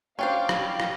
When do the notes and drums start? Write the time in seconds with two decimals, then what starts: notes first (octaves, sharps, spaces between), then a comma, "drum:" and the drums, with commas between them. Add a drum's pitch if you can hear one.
0.19 C#4 D4 C5 F5 G5 D6 F6
0.49 drum: rim click
0.80 drum: rim click